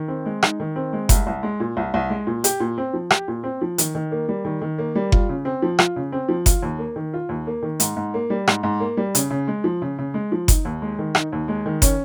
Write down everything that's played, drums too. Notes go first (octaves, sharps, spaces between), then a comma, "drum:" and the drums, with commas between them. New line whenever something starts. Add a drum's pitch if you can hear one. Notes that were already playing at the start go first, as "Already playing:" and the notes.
Already playing: D#3
C4
G#3
D#4, drum: rim click
D#3
C4
G#3
C2, drum: kick F#1, hi-hat
C2
G#3
A#2
C2
C2
G#3
A#2
G4, drum: hi-hat
A#2
C4
F3
G4, drum: rim click
A#2
C4
F3
D#3, drum: hi-hat
D#3
A#3
G3
D#3
D#3
A#3
G3
F4, drum: kick F#1
C#3
C4
F3
F4, drum: rim click
C#3
C4
F3
F4, drum: kick F#1, hi-hat
D#2
A#3
D#3
F4
D#2
A#3
D#3
G#2, drum: hi-hat
G#2
A#3
G3
G#2, drum: rim click
G#2
A#3
G3
C#3, drum: hi-hat
C#3
G#3
F3
C#3
C#3
G#3
F3
D#4, drum: kick F#1, hi-hat
D#2
G#3
D#3
D#4, drum: rim click
D#2
G#3
D#3
C#4, drum: kick F#1, hi-hat